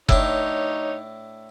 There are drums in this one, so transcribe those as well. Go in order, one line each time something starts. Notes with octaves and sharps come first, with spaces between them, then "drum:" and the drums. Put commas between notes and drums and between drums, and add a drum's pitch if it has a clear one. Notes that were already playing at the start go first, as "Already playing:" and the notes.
A2 D4 D#4 C#5, drum: kick F#1